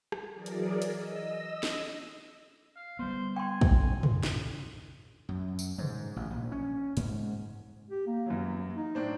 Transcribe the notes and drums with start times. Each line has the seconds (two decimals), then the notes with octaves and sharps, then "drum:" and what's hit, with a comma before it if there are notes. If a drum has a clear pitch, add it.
0.12 drum: rim click
0.34 E3 F#3 G#4 A#4 D5
0.46 drum: hi-hat
0.82 drum: hi-hat
0.93 D#5 E6
1.63 drum: snare
2.76 F5
2.99 G3 B3 C5
3.36 G5 G#5 C6
3.61 drum: kick
4.03 drum: tom
4.23 drum: snare
5.29 F#2
5.59 drum: tambourine
5.78 G#2, drum: tom
6.16 A1
6.30 A#1
6.52 C#4
6.97 G#2, drum: hi-hat
7.90 G4
8.07 A#3
8.26 F#2 E3 F#3
8.76 D#4
8.95 A2 D4 C5